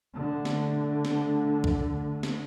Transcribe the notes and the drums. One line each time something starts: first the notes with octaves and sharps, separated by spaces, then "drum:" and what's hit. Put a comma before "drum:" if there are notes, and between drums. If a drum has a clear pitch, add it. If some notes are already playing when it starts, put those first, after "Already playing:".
D3 A3
drum: snare
drum: snare
drum: kick
drum: snare